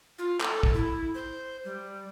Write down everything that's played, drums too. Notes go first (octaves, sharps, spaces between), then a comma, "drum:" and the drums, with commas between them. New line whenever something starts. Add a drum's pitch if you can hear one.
F4
A4, drum: clap
drum: kick
E4
C5
G3